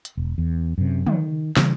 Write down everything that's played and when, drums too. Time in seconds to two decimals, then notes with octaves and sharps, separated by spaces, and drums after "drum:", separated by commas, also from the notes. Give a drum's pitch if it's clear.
0.05 drum: hi-hat
0.17 E1
0.38 E2
0.78 F#2 C3
1.06 D#3, drum: tom
1.56 C#3 E3 G3, drum: snare